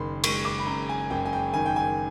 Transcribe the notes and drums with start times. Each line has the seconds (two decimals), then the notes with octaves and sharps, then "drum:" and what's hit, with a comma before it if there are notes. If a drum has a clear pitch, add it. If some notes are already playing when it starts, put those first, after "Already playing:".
Already playing: F#1 D#3 B5 C6
0.24 G#3 C#6, drum: cymbal
0.45 D6
0.59 B5
0.67 F#2 A#5
0.89 G#5
1.10 F#1 G5
1.26 G#5
1.33 G5
1.54 D#3 G#5
1.66 G5
1.76 G#5